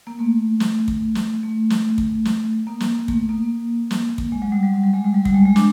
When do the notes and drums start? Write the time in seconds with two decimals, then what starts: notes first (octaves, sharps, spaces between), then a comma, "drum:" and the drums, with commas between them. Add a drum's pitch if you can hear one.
0.07 A#3
0.19 A3
0.60 drum: snare
0.88 drum: kick
1.15 drum: snare
1.43 A3
1.70 drum: snare
1.98 drum: kick
2.25 drum: snare
2.67 A#3
2.80 drum: snare
3.08 A3, drum: kick
3.29 A#3
3.91 drum: snare
4.18 drum: kick
4.32 G#3
4.42 F#3
4.52 G3
4.63 F#3
4.73 G3
4.83 F#3
4.94 G#3
5.05 G3
5.14 F#3
5.25 G3, drum: kick
5.35 G#3
5.45 G#3
5.56 D4, drum: snare